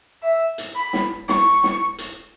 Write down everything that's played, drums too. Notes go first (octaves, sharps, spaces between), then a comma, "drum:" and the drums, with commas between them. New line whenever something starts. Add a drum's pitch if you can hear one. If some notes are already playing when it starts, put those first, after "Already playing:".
E5
drum: hi-hat
B5
drum: snare
C#6, drum: snare
drum: snare
drum: hi-hat